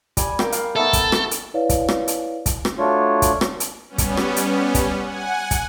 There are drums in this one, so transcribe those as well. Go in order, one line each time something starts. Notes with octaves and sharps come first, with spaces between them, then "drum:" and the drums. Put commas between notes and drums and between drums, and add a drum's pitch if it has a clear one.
G3 G#5, drum: kick, hi-hat
A#4 F5 G5, drum: rim click
F5, drum: hi-hat
A3 B3 D#4 A4
drum: kick, hi-hat
drum: rim click
drum: hi-hat
E4 B4 C#5 D5 F5
drum: kick, hi-hat
drum: rim click
drum: hi-hat
drum: kick, hi-hat
drum: rim click
F#3 A3 D4 F4 C#5
drum: kick, hi-hat
drum: rim click
drum: hi-hat
G3 B3 C#4
drum: kick, hi-hat
drum: rim click
drum: hi-hat
drum: kick, hi-hat
F#5 G#5
drum: kick, hi-hat